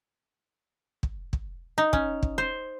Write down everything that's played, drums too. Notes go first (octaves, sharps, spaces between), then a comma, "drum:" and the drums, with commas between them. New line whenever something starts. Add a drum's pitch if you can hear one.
drum: kick
drum: kick
D#4
C#4, drum: kick
drum: kick
C5